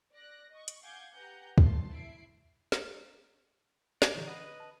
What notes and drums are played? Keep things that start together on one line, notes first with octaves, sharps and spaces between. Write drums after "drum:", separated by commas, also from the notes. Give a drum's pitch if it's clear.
D5 F#6 A#6
D#5 C#6
drum: hi-hat
F5 F#5 G#5 D6 G6 G#6
G4 B4 F#5 G#5 A#5 G6
A5 C6, drum: kick
E4 C7 D7
drum: snare
D5, drum: snare
A#2 D3 E3 D#4
B4 D#5 F#5
A5 F6